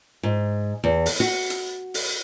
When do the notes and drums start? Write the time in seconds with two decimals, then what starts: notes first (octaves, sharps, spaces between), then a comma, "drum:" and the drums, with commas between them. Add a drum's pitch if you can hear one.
0.23 G#2
0.84 E2
1.06 drum: open hi-hat
1.20 F#4
1.50 drum: hi-hat
1.94 drum: open hi-hat